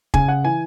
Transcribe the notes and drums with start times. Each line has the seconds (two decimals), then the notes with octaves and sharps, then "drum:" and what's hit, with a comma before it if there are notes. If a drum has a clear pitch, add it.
0.14 C#3 G#5, drum: kick
0.28 F#5
0.44 E3 G#5